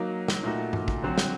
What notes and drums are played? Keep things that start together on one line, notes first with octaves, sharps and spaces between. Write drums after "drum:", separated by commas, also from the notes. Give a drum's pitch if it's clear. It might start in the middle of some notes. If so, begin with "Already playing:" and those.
Already playing: F#3 A#3 D#4
drum: snare
A#2 A3 D#4 F#4
drum: tom G2
drum: kick
D3 F#3 C4 F#4
drum: snare